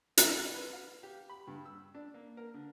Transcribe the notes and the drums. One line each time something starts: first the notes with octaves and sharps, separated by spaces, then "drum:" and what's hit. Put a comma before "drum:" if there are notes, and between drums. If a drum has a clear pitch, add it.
B4, drum: hi-hat
F4
B4
F5
G4
B5
G2
E6
D4
A#3
A#4
D3